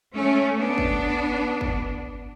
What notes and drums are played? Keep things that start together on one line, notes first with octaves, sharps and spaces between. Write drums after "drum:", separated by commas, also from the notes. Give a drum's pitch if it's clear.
A3 C#4
B3 D4
drum: kick G1
drum: kick G1